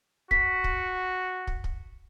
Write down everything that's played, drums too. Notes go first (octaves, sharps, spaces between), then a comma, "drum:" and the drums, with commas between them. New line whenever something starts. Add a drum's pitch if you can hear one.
F#4 B6, drum: kick
drum: kick
drum: kick
drum: kick